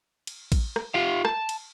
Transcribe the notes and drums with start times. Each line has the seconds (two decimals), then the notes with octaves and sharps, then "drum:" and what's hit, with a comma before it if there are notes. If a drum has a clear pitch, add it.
0.27 drum: cymbal
0.52 drum: kick A1, cymbal
0.76 drum: rim click
0.94 F4 G4 F5
1.25 A5, drum: rim click
1.49 drum: cymbal